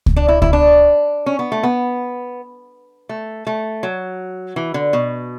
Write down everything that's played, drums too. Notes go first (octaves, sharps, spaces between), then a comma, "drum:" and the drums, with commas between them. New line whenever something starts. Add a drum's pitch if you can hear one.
drum: kick C#2
D4
E4
E4, drum: kick C#2
D4
C#4
B3
A3
B3
A3
A3
F#3
E3
D3
B2